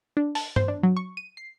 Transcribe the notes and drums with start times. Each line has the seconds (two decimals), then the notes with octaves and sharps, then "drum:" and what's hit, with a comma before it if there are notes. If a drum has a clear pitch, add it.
0.17 D4
0.35 A5, drum: open hi-hat
0.56 C5, drum: tom G2
0.68 D4
0.83 F#3
0.97 C#6
1.17 D#7
1.37 C7